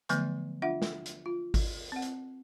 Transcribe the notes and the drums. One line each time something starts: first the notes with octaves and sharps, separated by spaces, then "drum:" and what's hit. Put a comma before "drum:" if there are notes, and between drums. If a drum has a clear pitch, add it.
D3 F3 F#3 A3 B3, drum: hi-hat
D4 F4 E5 F#5
drum: snare
drum: hi-hat
F4
drum: kick G#1, open hi-hat
C4 F#5
drum: hi-hat